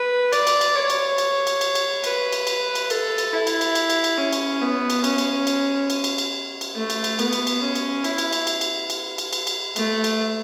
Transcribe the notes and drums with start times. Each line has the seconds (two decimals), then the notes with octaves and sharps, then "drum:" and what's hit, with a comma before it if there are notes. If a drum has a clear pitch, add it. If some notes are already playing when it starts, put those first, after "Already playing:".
Already playing: B4
0.33 D5, drum: cymbal
0.47 drum: cymbal
0.61 drum: cymbal
0.76 C#5
0.90 drum: cymbal
1.18 drum: cymbal
1.47 drum: cymbal
1.61 drum: cymbal
1.75 drum: cymbal
2.04 B4, drum: cymbal
2.33 drum: cymbal
2.47 drum: cymbal
2.75 drum: cymbal
2.90 A4, drum: cymbal
3.18 drum: cymbal
3.32 E4
3.47 drum: cymbal
3.61 drum: cymbal
3.75 drum: cymbal
3.90 drum: cymbal
4.04 drum: cymbal
4.18 C#4
4.33 drum: cymbal
4.61 B3
4.90 drum: cymbal
5.04 C#4, drum: cymbal
5.18 drum: cymbal
5.47 drum: cymbal
5.90 drum: cymbal
6.04 drum: cymbal
6.18 drum: cymbal
6.61 drum: cymbal
6.75 A3
6.90 drum: cymbal
7.04 drum: cymbal
7.19 B3, drum: cymbal
7.33 drum: cymbal
7.47 drum: cymbal
7.62 C#4
7.75 drum: cymbal
8.04 E4, drum: cymbal
8.18 drum: cymbal
8.33 drum: cymbal
8.47 drum: cymbal
8.61 drum: cymbal
8.90 drum: cymbal
9.18 drum: cymbal
9.33 drum: cymbal
9.47 drum: cymbal
9.76 A3, drum: cymbal
10.04 drum: cymbal